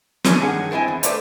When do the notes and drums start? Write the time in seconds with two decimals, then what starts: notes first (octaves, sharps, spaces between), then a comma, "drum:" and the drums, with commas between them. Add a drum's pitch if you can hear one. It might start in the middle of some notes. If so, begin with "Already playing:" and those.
0.24 E3 G#3 C#4 D4, drum: snare
0.40 G2 D#3 G#4 F#5
0.71 B3 C4 E4 D#5 G#5
0.88 E2
1.03 A3 A4 B4 C5 D5, drum: hi-hat